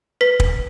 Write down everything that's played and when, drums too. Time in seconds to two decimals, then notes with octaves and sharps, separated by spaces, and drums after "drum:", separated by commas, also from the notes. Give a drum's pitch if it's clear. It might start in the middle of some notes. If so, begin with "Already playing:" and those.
0.21 B4 B6
0.40 drum: kick